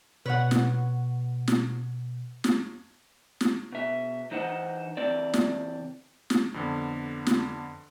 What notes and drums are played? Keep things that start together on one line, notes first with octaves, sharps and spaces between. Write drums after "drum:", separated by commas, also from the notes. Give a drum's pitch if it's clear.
B2 B4 C#5 F#5
drum: snare
drum: snare
drum: snare
drum: snare
B2 E5
E3 D#4 C5 D#5 F#5
C#3 E3 C4 D5
drum: snare
drum: snare
F2 D3 B3
drum: snare